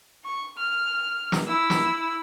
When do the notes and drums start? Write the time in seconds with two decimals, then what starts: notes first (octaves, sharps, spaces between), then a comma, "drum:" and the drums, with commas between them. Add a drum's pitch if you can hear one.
0.24 C#6
0.57 F6
1.32 drum: snare
1.47 E4 E6
1.70 drum: snare